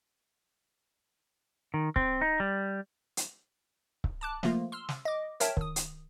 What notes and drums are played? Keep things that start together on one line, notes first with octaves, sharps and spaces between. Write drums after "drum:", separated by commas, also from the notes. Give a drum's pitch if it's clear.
D#3
C4, drum: kick C#1
D#4
G3
drum: hi-hat
drum: kick C#1
A5 D6 F#6
F3 A3 A#3 F4, drum: snare
C6 E6 F6
drum: snare
D#5 D6
A#4 C#5 E5 G5 A5, drum: hi-hat
D#3 D#6, drum: kick C#1
drum: hi-hat